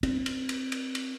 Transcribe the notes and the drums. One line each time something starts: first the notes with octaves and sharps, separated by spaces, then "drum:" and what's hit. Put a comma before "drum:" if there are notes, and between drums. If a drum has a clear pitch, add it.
C4, drum: cymbal
drum: cymbal
drum: cymbal
drum: cymbal
drum: cymbal